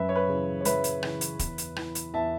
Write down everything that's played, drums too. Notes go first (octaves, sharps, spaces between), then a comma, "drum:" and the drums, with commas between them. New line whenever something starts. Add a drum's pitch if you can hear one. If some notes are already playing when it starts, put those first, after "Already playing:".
Already playing: F#2 B4 E5
C#5
B4
C#3 E3
C#5
F#2 B4 E5, drum: hi-hat
drum: hi-hat
C#3 E3, drum: rim click
drum: hi-hat
E2, drum: kick, hi-hat
drum: hi-hat
E3, drum: rim click
drum: hi-hat
E2 E5 A5